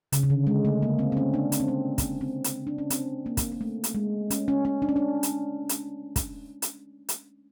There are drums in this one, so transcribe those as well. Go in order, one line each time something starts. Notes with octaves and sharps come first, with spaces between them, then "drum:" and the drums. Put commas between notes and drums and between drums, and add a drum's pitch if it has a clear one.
C#3, drum: hi-hat
C#3
D3
G#3
A3
A#3
C4
C4
C#4
D4
C#4, drum: hi-hat
C4
C#4
drum: kick, hi-hat
C4
drum: hi-hat
D4
C#4
C4, drum: hi-hat
A#3
drum: kick, hi-hat
A#3
A3
drum: hi-hat
G#3
C#4, drum: hi-hat
C#4
C#4
D4
C#4
D4
drum: hi-hat
drum: hi-hat
drum: kick, hi-hat
drum: hi-hat
drum: hi-hat